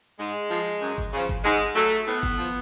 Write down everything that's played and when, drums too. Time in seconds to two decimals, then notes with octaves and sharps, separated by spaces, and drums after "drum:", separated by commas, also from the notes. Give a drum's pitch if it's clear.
0.20 G#2 G#3
0.51 F3
0.82 F#2
0.98 drum: kick G1
1.13 C#3 F3
1.29 drum: kick G1
1.44 G#2 G#3
1.76 F#3 A3
2.07 A2 B3
2.23 drum: kick G1
2.38 F3